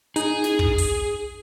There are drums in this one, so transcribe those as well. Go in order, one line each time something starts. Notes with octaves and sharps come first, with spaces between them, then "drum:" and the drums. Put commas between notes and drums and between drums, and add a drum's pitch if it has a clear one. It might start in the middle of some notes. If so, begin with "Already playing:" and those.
D#4 G#4, drum: hi-hat
drum: snare
drum: kick
drum: open hi-hat